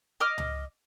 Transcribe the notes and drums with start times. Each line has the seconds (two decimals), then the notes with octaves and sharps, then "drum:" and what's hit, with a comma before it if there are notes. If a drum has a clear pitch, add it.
0.20 D#5 D6 F6
0.38 drum: tom C#2